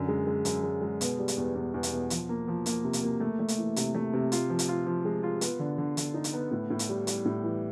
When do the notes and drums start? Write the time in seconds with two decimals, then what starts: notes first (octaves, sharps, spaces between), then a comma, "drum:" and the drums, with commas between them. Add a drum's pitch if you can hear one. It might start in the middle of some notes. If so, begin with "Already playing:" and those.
Already playing: F#2 D3
0.08 G#3
0.27 G#3
0.45 F#2, drum: hi-hat
0.63 G#3
0.82 G#3
1.01 B2, drum: hi-hat
1.19 G3
1.28 drum: hi-hat
1.37 E2
1.55 E2
1.74 E2
1.83 drum: hi-hat
1.93 B2
2.10 F3, drum: hi-hat
2.29 A#3
2.48 F3
2.66 A#3, drum: hi-hat
2.84 C3
2.93 drum: hi-hat
3.03 A#3
3.20 A3
3.39 A3
3.48 drum: hi-hat
3.58 E3
3.76 C3, drum: hi-hat
3.95 A3
4.13 C3
4.32 F4, drum: hi-hat
4.49 F3
4.59 drum: hi-hat
4.68 F4
4.86 F3
5.05 G#3
5.23 F4
5.41 B3, drum: hi-hat
5.59 D3
5.78 D3
5.97 D3, drum: hi-hat
6.14 D#4
6.24 drum: hi-hat
6.33 B3
6.51 A2
6.70 A2
6.79 drum: hi-hat
6.89 G3
7.07 G3, drum: hi-hat
7.25 A2
7.44 E3